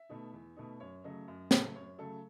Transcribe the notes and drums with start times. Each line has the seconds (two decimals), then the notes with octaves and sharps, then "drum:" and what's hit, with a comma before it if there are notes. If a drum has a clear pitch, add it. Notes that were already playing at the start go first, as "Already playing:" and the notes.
Already playing: E5
0.09 B2 A3 D#4
0.33 E2
0.56 B2 A3 D#4
0.80 F#2 C#5
1.04 C#3 F#3 A3 D#5
1.28 F#2
1.51 C#3 F#3 A3, drum: snare
1.75 F#2 C#5
1.98 C#3 F#3 A3 A4